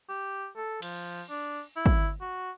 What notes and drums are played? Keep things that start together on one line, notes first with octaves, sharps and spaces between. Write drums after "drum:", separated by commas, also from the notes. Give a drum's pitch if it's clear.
G4
A4
F3, drum: cymbal
D4
E4
drum: kick
F#4